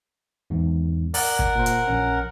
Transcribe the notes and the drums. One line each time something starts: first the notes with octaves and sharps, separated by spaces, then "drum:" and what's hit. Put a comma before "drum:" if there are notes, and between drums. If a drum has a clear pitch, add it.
E2 G#2
A#4 D5 F#5, drum: open hi-hat
drum: kick
A#2 C5
drum: hi-hat
A#1 C#4